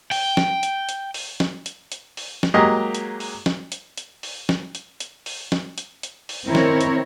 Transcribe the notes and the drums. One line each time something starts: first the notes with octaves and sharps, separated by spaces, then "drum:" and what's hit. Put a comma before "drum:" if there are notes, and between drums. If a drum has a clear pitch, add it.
G5, drum: open hi-hat
drum: snare
drum: hi-hat
drum: hi-hat
drum: open hi-hat
drum: snare
drum: hi-hat
drum: hi-hat
drum: open hi-hat
drum: snare
F#3 G#3 A#3 G4 D#5
drum: hi-hat
drum: open hi-hat
drum: snare
drum: hi-hat
drum: hi-hat
drum: open hi-hat
drum: snare
drum: hi-hat
drum: hi-hat
drum: open hi-hat
drum: snare
drum: hi-hat
drum: hi-hat
drum: open hi-hat
D#3 C4 E4 A#4 C#5
drum: snare
drum: hi-hat